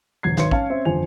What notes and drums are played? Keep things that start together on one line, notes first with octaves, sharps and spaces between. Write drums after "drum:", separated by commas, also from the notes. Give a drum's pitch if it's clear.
E1 D2 F#3 G#6 C7
G#1 B4 C#5 C6 C#7, drum: snare
C#4 F5 A5, drum: kick
C4 C#4 E5
G1 F2 F3 C5 G#5 F7